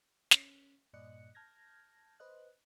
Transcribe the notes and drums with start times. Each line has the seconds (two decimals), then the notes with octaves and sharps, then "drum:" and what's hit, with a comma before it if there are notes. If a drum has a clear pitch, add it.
0.31 C#4, drum: snare
0.93 G2 A#2 D5 D#5 F#6 C#7
1.35 A5 F6 G6 G#6 A#6
2.20 B4 C5 D#5 F#6